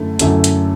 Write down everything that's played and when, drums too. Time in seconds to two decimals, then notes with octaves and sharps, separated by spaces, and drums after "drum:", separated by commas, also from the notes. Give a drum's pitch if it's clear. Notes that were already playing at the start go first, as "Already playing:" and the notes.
Already playing: F#2 D3 A3 E4
0.19 F#2 D3 A3 E4, drum: hi-hat
0.44 drum: hi-hat